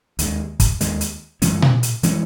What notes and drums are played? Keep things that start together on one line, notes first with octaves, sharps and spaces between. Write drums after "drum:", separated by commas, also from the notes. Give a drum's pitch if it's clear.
D#2 D#3 G#3, drum: hi-hat
drum: kick, hi-hat
D#2 D#3 G#3, drum: hi-hat
drum: hi-hat
F#2 E3 G#3 C#4, drum: hi-hat
drum: tom A#2
drum: hi-hat
E3 G#3 C#4, drum: hi-hat